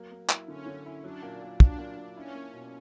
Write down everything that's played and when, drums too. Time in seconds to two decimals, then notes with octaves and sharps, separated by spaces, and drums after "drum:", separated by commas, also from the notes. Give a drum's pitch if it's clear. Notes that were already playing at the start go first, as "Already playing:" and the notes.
Already playing: F#3 A#3
0.11 A#3
0.29 E4, drum: clap
0.48 D3 C#4
0.66 D3
0.86 E4
1.04 F#3 D4
1.23 A#2
1.42 A#2
1.60 F#3 D4, drum: kick
1.78 A#2
1.98 A#2
2.17 C#4 E4
2.34 A#3
2.54 B2